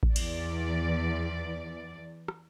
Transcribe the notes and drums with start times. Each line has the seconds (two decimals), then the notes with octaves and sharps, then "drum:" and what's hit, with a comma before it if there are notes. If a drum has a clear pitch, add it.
0.03 drum: kick A1
0.16 E2 D5, drum: cymbal
2.28 drum: rim click